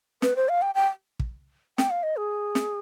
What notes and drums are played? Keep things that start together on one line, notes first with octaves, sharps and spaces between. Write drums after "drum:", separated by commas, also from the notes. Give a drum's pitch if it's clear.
B4, drum: snare
C5
F5
G5
G5
drum: kick
G5, drum: snare
F5
D#5
G#4
drum: snare